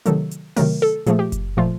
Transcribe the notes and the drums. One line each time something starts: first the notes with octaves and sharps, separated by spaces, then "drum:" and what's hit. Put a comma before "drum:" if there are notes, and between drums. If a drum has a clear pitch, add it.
C3 D#3 F#3 A3 A4, drum: hi-hat
drum: hi-hat
C3 D#3 F#3 A3 A#4, drum: open hi-hat
A4
A#2 F3 A3 G#4, drum: hi-hat
G4
drum: kick F#1, hi-hat
A#2 F3 A3 F4